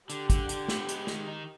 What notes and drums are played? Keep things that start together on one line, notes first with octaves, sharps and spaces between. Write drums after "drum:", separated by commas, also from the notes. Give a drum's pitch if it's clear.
D3 G4, drum: hi-hat
D3, drum: kick, hi-hat
D3, drum: hi-hat
B3, drum: snare
G#3, drum: hi-hat
D#3, drum: snare
D#4